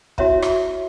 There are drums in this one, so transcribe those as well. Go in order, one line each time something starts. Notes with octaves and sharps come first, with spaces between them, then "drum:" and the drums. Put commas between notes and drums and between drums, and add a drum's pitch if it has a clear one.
E4 F#4 C#5 E5 A#5, drum: kick
drum: rim click